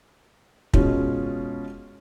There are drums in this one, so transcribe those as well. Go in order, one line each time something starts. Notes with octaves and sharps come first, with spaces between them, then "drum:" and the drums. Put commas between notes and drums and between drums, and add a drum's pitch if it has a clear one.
B2 G#3 C#4 F4, drum: kick